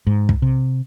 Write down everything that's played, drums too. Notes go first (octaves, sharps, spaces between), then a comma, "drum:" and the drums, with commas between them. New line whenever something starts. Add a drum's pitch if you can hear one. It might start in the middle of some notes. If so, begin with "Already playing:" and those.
G#2
drum: kick
C3